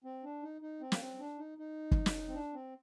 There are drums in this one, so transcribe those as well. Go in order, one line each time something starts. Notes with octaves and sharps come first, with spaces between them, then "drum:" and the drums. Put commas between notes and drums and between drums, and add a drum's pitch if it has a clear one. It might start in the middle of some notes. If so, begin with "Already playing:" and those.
C4
D4
D#4
D#4
C4
A#3, drum: snare
C4
D4
D#4
D#4
drum: kick
drum: snare
C4
D4
C4